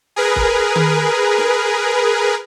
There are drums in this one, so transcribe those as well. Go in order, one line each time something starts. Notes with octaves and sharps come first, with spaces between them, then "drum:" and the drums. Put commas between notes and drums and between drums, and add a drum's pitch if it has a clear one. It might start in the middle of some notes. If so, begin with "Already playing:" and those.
G#4 A#4 B4
drum: kick
drum: tom D#3
drum: snare